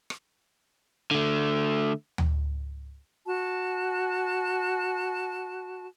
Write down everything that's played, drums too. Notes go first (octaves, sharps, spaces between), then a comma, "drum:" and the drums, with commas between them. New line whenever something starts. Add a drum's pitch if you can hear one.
drum: rim click
D3 A3
drum: tom D2
F#4 A5